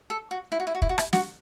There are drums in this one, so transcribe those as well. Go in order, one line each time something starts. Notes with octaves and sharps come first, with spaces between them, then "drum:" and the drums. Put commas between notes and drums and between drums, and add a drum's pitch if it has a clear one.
A4
F#4
E4
F#4
E4
F#4
E4, drum: kick
F#4
E4, drum: rim click
F#4, drum: snare